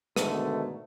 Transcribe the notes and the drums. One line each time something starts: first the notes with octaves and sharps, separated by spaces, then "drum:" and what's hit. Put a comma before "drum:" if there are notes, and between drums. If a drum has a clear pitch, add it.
G#2 B2 D3 D#3 A3, drum: rim click